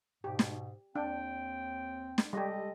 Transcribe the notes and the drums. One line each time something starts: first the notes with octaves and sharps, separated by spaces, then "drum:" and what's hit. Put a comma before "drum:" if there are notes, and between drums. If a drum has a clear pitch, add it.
G#2 B2 G4
drum: snare
D#2 C4 D4 G5
drum: snare
G3 G#3 G4 A4 D#5